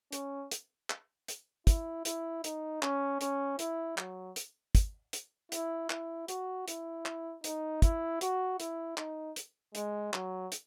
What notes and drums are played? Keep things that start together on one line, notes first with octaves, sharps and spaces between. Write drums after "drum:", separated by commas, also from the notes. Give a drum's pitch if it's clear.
C#4, drum: hi-hat
drum: hi-hat
drum: clap
drum: hi-hat
E4, drum: kick, hi-hat
E4, drum: hi-hat
D#4, drum: hi-hat
C#4, drum: clap
C#4, drum: hi-hat
E4, drum: hi-hat
F#3, drum: clap
drum: hi-hat
drum: kick, hi-hat
drum: hi-hat
E4, drum: hi-hat
E4, drum: clap
F#4, drum: hi-hat
E4, drum: hi-hat
drum: clap
D#4, drum: hi-hat
E4, drum: kick, hi-hat
F#4, drum: hi-hat
E4, drum: hi-hat
D#4, drum: clap
drum: hi-hat
G#3, drum: hi-hat
F#3, drum: clap
drum: hi-hat